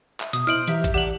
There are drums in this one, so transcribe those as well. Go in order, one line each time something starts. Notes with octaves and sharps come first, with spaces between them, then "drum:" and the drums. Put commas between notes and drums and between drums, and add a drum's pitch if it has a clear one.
E5, drum: clap
B2 D#6, drum: hi-hat
E4 C5 D#5 F6 D7 F#7
E3 G4 E5 A#5, drum: hi-hat
drum: kick G#1, hi-hat
A3 D4 G4 F#5 F#7